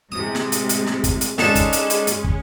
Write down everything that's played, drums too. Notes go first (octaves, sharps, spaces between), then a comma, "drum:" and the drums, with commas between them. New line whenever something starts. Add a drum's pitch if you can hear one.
A2 C3 G#3 D#6
drum: snare
drum: hi-hat
drum: hi-hat
drum: snare
drum: kick, hi-hat
drum: hi-hat
D3 G#3 C#4 D#4 A5, drum: snare
drum: kick, hi-hat
drum: hi-hat
drum: hi-hat
drum: hi-hat
drum: kick